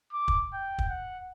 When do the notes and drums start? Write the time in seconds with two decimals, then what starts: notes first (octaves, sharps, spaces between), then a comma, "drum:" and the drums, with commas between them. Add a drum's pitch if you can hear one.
0.12 D6
0.28 drum: kick
0.53 G5
0.78 drum: kick
0.89 F#5